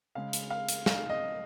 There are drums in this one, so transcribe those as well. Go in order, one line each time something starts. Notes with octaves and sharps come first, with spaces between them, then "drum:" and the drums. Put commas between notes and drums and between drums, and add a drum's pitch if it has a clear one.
C#3 G#3 F5
drum: hi-hat
F5
drum: hi-hat
F5, drum: snare
D#5